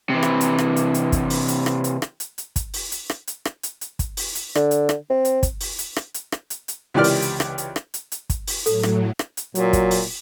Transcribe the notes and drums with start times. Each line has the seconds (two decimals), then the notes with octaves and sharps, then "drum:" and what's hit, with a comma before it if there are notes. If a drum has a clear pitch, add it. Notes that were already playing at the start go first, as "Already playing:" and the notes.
0.10 C3 E3
0.23 drum: rim click
0.41 drum: hi-hat
0.58 drum: rim click
0.76 drum: hi-hat
0.94 drum: hi-hat
1.12 drum: kick, hi-hat
1.30 drum: open hi-hat
1.48 drum: hi-hat
1.66 drum: rim click
1.84 drum: hi-hat
2.02 drum: rim click
2.20 drum: hi-hat
2.38 drum: hi-hat
2.56 drum: kick, hi-hat
2.74 drum: open hi-hat
2.92 drum: hi-hat
3.10 drum: rim click
3.27 drum: hi-hat
3.45 drum: rim click
3.63 drum: hi-hat
3.81 drum: hi-hat
3.99 drum: kick, hi-hat
4.17 drum: open hi-hat
4.35 drum: hi-hat
4.55 D3, drum: rim click
4.71 drum: hi-hat
4.89 drum: rim click
5.10 C4
5.25 drum: hi-hat
5.43 drum: kick, hi-hat
5.61 drum: open hi-hat
5.79 drum: hi-hat
5.96 drum: rim click
6.14 drum: hi-hat
6.32 drum: rim click
6.50 drum: hi-hat
6.68 drum: hi-hat
6.94 C#2 C3 E3 G4 D5 F6
7.04 drum: open hi-hat
7.22 drum: hi-hat
7.40 drum: rim click
7.58 drum: hi-hat
7.76 drum: rim click
7.94 drum: hi-hat
8.12 drum: hi-hat
8.30 drum: kick, hi-hat
8.47 drum: open hi-hat
8.66 A2 F#3 A4, drum: hi-hat
8.83 drum: rim click
9.19 drum: rim click
9.37 drum: hi-hat
9.55 A#2 F#3, drum: hi-hat
9.73 drum: kick, hi-hat
9.91 drum: open hi-hat